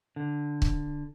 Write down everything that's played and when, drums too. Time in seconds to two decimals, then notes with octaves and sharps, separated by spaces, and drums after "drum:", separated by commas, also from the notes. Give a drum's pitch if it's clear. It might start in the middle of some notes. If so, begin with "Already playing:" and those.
0.16 D3
0.62 drum: kick C#1